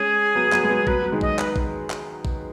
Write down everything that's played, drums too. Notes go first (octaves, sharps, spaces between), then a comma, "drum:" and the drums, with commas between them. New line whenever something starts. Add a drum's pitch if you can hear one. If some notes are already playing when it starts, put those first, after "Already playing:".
Already playing: G#3 C#4 G#4
F#3 B3
F#3 B3, drum: clap
G#3
F#3 B3
F#3 B3 B4, drum: kick A#1
F#3
D#3 G#3
D#5, drum: kick A#1
B4, drum: clap
drum: kick A#1
drum: clap
drum: kick A#1